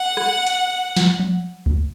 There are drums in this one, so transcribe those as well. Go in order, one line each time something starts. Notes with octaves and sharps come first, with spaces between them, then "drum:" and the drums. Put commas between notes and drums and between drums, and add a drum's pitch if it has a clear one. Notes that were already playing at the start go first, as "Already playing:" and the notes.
Already playing: F#5
drum: rim click
drum: hi-hat
drum: snare
drum: tom F3
drum: kick C#2